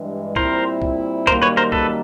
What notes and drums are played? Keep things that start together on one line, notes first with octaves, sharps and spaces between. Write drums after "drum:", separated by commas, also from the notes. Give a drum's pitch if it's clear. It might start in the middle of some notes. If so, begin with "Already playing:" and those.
Already playing: G2 E3 G#3
A#2 G3 C4 E4 A#4 C5, drum: kick
drum: kick
F#2 D#3 G3 A#3 D#4 A#4 C5, drum: kick
B4 C#5
A#4 C5
A4 B4, drum: kick